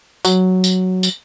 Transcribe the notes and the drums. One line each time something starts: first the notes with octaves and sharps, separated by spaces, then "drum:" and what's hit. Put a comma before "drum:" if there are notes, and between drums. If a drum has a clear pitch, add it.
F#3, drum: tambourine
drum: tambourine
drum: tambourine